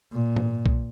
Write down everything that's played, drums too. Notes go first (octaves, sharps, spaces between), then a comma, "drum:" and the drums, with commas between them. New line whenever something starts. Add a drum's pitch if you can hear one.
A#2
drum: tom G#2
drum: kick B1